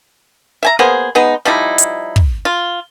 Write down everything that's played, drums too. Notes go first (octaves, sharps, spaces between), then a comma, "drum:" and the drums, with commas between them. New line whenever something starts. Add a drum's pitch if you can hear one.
E5 G#5 A#5
A#3 B3 G#4 C5
G#3 B3 D#4
F3 G3 D#4 E4
drum: hi-hat
drum: kick
F4